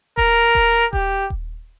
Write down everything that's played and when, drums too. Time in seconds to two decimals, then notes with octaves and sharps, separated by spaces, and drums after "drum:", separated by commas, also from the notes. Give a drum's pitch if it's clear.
0.17 A#4, drum: kick D#1
0.55 drum: kick D#1
0.93 G4, drum: kick D#1
1.30 drum: kick D#1